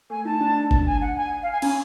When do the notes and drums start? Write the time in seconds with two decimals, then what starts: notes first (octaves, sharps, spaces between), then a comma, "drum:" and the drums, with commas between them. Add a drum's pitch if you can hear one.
0.10 A3 G#5
0.25 D#4 A5
0.41 D4
0.71 A5, drum: kick G1
0.86 G#5
1.01 F#5
1.17 G#5
1.43 F5
1.52 G#5
1.62 C#4 G#5, drum: cymbal